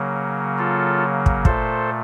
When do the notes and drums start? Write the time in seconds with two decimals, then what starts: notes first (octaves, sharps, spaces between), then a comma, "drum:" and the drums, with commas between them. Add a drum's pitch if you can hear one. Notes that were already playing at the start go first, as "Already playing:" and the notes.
Already playing: C#3 F#3 A#3
0.58 F4 A4
1.26 drum: kick
1.45 A#2 A3 A4 C5, drum: kick